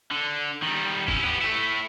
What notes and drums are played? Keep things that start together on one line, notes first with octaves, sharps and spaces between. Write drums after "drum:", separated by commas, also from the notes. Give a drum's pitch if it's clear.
D3
D#3 G3
C#4 E4, drum: kick F1
B3 G4
A3 E4